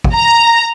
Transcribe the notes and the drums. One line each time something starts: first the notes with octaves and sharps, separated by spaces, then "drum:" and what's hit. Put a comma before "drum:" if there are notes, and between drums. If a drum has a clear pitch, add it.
drum: kick
A#5